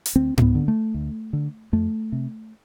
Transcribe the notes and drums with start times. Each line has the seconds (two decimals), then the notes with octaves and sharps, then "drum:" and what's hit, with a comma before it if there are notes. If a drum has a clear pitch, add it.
0.06 drum: hi-hat
0.15 D2 C4
0.38 C4, drum: tom G#2
0.42 B3
0.55 D3
0.68 A3
0.95 D2
1.33 D3
1.73 F2 A3
2.12 C3